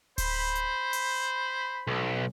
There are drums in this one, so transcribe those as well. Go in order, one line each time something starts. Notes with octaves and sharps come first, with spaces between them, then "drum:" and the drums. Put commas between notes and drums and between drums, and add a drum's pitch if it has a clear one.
C5 B5, drum: kick D1, open hi-hat
drum: hi-hat
drum: open hi-hat
B1